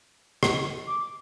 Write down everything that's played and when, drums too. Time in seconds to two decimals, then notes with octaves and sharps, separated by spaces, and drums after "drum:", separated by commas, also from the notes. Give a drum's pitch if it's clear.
0.43 drum: rim click
0.87 D6